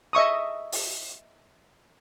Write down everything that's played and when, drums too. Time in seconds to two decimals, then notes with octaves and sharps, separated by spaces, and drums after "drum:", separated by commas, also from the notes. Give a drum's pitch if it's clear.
0.13 D#5 E5 C#6 D#6
0.72 drum: open hi-hat